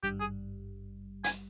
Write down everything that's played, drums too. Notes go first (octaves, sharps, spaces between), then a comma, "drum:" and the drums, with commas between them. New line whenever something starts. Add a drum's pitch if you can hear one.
G#1 G2 G3 G4
G#4
G#5, drum: hi-hat